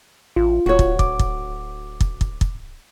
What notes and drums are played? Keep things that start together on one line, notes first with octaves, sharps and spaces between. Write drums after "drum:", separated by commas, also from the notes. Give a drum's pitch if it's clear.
A1 F4
D1 F#4 C#5
drum: kick
D6, drum: kick
drum: kick
drum: kick
drum: kick
drum: kick